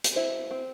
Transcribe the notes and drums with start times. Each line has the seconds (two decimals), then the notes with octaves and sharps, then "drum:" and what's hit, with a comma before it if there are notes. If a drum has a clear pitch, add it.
0.04 drum: hi-hat
0.16 E4 C5
0.51 C4